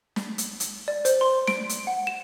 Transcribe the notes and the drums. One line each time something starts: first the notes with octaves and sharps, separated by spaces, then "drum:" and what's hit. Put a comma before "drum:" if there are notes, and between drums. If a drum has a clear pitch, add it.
drum: snare
drum: hi-hat
drum: hi-hat
D5
C5, drum: hi-hat
C6
D7, drum: snare
drum: hi-hat
F#5
E7